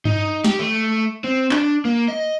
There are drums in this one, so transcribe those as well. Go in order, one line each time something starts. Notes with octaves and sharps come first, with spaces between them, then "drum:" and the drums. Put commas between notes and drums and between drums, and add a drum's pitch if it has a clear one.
D#4, drum: tom G2
G4, drum: snare
A3
C4
D4, drum: clap
A#3
D#5